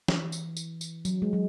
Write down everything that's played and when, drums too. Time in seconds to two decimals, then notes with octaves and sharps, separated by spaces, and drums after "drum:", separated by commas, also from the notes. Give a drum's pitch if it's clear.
0.08 E3, drum: snare
0.32 drum: tambourine
0.57 drum: tambourine
0.81 drum: tambourine
1.05 F#3, drum: tambourine
1.22 G#3
1.33 F#3